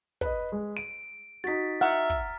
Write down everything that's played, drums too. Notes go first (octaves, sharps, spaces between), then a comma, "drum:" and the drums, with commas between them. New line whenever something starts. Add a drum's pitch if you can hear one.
B4 D#5, drum: kick
G#3
D7 D#7
D#4 F#4 A6 B6
E5 F#5 A#5 F6
drum: kick